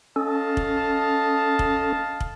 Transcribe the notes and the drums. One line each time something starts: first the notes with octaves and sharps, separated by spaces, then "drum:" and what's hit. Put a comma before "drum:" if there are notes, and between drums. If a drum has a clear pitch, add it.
C#4 A4 D#5 F5 A5
drum: kick
drum: kick
drum: kick